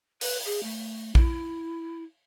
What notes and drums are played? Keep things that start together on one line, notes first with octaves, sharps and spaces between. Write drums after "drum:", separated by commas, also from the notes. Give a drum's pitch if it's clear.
B4, drum: open hi-hat
G#4
A3
E4, drum: kick A#1